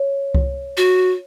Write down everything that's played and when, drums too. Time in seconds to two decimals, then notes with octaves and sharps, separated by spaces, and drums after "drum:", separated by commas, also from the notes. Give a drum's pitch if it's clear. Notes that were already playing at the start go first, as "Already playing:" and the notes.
Already playing: C#5
0.35 drum: kick C2
0.77 F#4